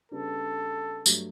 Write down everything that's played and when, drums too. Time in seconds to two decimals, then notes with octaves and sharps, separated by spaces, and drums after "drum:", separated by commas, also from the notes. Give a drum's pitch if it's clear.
0.11 C#3 G3 B3 D4 A4
1.06 G2 F#3 A3, drum: tambourine